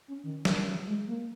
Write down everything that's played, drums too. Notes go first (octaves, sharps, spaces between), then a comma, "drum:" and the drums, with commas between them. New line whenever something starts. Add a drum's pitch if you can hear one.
C#4
D#3
E3, drum: snare
F#3
G#3
A#3